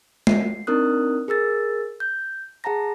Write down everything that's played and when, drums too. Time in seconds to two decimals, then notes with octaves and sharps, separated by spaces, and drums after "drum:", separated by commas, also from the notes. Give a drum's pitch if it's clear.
0.27 C7, drum: tom G#3
0.67 C4 D4 D#4 A#4 D#6 F#6
1.28 G#4 A#4 E6 A6
2.00 G6
2.64 G#4 F#5 A5 A#5 A#6